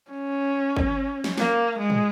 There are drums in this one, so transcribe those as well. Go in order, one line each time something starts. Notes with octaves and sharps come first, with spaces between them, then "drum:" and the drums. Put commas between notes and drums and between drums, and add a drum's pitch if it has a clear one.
C#4
drum: kick G#1
drum: snare
A#3, drum: snare
G#3
drum: tom